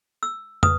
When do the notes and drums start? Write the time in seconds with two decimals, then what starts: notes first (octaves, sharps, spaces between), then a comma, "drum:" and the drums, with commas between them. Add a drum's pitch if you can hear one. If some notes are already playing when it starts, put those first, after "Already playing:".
0.23 E6
0.63 B4 D#6, drum: tom